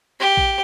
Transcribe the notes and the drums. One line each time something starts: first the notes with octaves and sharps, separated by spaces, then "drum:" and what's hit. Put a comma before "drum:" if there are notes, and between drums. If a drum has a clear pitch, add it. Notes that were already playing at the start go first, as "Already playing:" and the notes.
G4
drum: kick A#1